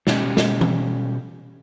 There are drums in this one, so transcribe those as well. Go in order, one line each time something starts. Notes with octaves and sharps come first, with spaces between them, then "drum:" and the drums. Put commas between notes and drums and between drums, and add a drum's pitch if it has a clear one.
B2 G3 C#4 G4, drum: snare
drum: snare
drum: tom E3